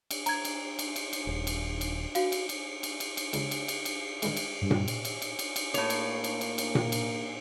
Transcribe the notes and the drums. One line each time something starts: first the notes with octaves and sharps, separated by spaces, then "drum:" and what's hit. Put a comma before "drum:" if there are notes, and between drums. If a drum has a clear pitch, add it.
drum: cymbal
A#5 G#6, drum: cymbal
drum: cymbal
drum: cymbal
drum: cymbal
drum: cymbal
D#1
drum: cymbal
drum: cymbal
F#4 F5, drum: cymbal
drum: cymbal
drum: cymbal
drum: cymbal
drum: cymbal
drum: cymbal
C#2, drum: cymbal
drum: cymbal
drum: cymbal
drum: cymbal
D#3 G3 G#3, drum: cymbal
drum: cymbal
G2
drum: tom A#2
drum: cymbal
drum: cymbal
drum: cymbal
drum: cymbal
drum: cymbal
A2 A#3 C#5, drum: cymbal
drum: cymbal
drum: cymbal
drum: cymbal
drum: cymbal
drum: tom A#2
drum: cymbal